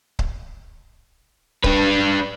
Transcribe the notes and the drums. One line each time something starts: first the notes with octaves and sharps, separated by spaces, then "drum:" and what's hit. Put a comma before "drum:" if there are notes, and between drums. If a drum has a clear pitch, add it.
drum: kick C#1
D4 B4, drum: kick C#1